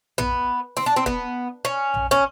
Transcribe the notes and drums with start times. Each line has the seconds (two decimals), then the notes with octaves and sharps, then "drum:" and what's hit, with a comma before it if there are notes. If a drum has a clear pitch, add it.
0.18 B3, drum: tom A#1
0.77 C4, drum: snare
0.86 D4
0.96 C4
1.06 B3, drum: kick
1.65 C#4
1.94 drum: tom A#1
2.11 C#4